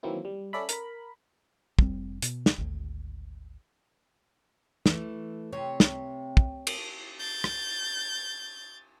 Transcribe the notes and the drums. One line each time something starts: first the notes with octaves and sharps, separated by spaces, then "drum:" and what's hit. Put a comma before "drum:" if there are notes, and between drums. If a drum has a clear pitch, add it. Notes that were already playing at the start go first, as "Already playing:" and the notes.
D#3 E3 F#3 A#3 C4 E4
G3
C#4 A4 D5 E5 B5
A#4 B5, drum: hi-hat
F1 G3 C4, drum: kick
B2, drum: hi-hat
drum: snare
G#1 D2
E3 A3, drum: snare
C3 C#5
drum: snare
drum: kick
drum: cymbal
G6 A6
drum: rim click